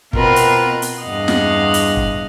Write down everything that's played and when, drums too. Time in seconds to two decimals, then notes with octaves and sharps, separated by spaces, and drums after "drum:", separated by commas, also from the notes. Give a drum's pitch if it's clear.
0.13 B2 C4 F4 A#4 B4 A#5, drum: kick
0.36 drum: hi-hat
0.82 drum: hi-hat
1.01 E2 G2 D#5 F5 F#5
1.28 drum: snare
1.74 drum: hi-hat
1.97 drum: kick